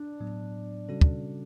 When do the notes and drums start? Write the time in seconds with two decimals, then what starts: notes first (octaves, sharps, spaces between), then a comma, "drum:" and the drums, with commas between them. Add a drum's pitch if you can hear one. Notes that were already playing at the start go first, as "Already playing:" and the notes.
Already playing: D4
0.20 A2 F#3 B3
0.89 C#3 G3 C#4 F#4 A4
1.01 drum: kick